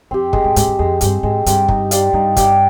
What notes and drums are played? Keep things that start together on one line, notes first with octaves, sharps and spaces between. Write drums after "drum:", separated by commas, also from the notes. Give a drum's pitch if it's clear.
F2 C4 G4
G2 G#3, drum: kick
G#2
G#2 C4 G4, drum: hi-hat
G2
F2 G#3
G2 C4 G4, drum: hi-hat
G#2 G#3
G2 C4 G4, drum: hi-hat
D#4, drum: kick
G4 D5 F5, drum: hi-hat
G2 D#4
G4 D5 F5, drum: kick, hi-hat